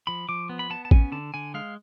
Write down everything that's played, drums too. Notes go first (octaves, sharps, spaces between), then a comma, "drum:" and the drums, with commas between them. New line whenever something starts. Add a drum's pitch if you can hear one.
F3 B5
F3 D6
B3
B5
B3 A5
A5
C#4 G#5, drum: kick A1
D3 A5
D3 G#5
G#3 F5